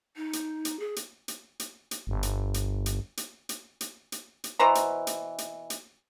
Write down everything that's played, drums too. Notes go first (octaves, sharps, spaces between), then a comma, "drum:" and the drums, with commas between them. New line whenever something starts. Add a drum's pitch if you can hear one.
D#4
drum: hi-hat
drum: hi-hat
G#4
drum: hi-hat
drum: hi-hat
drum: hi-hat
drum: hi-hat
G1
drum: hi-hat
drum: hi-hat
drum: hi-hat
drum: hi-hat
drum: hi-hat
drum: hi-hat
drum: hi-hat
drum: hi-hat
B2 E3 C5 A#5
drum: hi-hat
drum: hi-hat
drum: hi-hat
drum: hi-hat